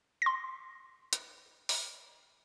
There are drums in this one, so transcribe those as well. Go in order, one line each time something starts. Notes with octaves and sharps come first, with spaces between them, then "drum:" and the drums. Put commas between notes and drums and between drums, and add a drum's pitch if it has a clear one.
C6 A#6
drum: hi-hat
drum: open hi-hat